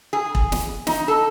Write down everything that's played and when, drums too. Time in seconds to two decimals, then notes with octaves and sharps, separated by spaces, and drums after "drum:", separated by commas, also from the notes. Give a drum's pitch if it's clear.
0.13 G#4
0.35 drum: kick E1
0.52 drum: snare
0.87 D#4, drum: snare
1.08 A4